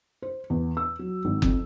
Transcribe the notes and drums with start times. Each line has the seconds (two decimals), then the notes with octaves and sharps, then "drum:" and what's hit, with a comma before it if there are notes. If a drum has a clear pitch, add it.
0.22 C5
0.50 E2
0.77 E6
0.99 F#3
1.25 G#1
1.42 F2, drum: kick F#1